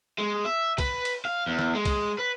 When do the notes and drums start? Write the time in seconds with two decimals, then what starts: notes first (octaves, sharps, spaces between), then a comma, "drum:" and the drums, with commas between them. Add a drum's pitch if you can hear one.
0.18 G#3
0.45 E5
0.78 B4, drum: kick, cymbal
1.05 drum: cymbal
1.25 F5
1.46 E2
1.59 drum: snare
1.75 G#3
1.85 drum: kick, cymbal
2.18 B4